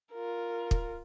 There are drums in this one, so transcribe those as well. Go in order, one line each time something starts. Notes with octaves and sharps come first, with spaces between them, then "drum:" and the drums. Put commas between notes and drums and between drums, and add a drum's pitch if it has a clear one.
F4 A#4
drum: kick